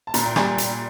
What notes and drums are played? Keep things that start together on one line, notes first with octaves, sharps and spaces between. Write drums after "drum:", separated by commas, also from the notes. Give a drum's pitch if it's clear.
A5
A#2 A#5, drum: hi-hat
G5
G3 G#5, drum: rim click
drum: hi-hat